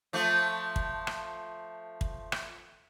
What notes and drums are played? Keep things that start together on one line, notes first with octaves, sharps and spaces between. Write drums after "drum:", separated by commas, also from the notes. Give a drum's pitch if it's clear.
F3 A3
drum: kick
drum: rim click
drum: kick
drum: rim click